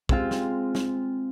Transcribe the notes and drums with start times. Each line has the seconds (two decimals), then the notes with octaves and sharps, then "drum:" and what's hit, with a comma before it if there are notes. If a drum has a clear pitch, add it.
0.09 G#3 C4 F4, drum: kick
0.31 drum: snare
0.75 drum: snare